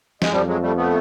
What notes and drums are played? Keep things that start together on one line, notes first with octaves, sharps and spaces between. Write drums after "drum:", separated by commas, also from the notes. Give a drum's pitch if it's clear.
G#3, drum: snare
F2 F3 G3
F#3 G#3
G3 A3
A3 B3